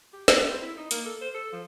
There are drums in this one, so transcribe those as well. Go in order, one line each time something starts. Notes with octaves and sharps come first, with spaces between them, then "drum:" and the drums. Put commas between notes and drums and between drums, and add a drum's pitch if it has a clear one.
G4
B3, drum: snare
C4
E4
D#4
A#3, drum: hi-hat
A4
C5
A4
F3